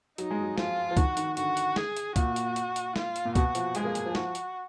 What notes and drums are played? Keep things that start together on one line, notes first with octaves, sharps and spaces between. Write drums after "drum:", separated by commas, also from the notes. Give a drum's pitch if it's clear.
F#3 D#4, drum: hi-hat
G#3
F#3
F3 F4, drum: snare
F3
D#3 F#4, drum: kick C#2, hi-hat
D#3, drum: hi-hat
D3 F#4, drum: hi-hat
drum: hi-hat
G#4, drum: snare
drum: hi-hat
A#2 F#4, drum: kick C#2, hi-hat
drum: hi-hat
drum: hi-hat
drum: hi-hat
F4, drum: snare
drum: hi-hat
A#2
B2 F#4, drum: kick C#2, hi-hat
F3, drum: hi-hat
G#3 G#4, drum: hi-hat
A#3
drum: hi-hat
F3
F#4, drum: snare
drum: hi-hat